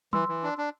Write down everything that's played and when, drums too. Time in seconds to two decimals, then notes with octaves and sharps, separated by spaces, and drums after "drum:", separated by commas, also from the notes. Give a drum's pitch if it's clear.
0.13 E3 C6 E6, drum: tom F#3
0.28 E3
0.43 D4
0.58 D4